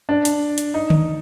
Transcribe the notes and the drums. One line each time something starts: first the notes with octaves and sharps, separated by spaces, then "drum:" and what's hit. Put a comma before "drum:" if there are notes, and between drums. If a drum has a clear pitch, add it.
D4
drum: hi-hat
drum: hi-hat
D#4
drum: tom D3